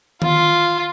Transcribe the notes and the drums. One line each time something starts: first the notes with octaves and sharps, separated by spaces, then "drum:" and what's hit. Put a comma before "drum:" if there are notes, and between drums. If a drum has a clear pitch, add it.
F4, drum: tom D#3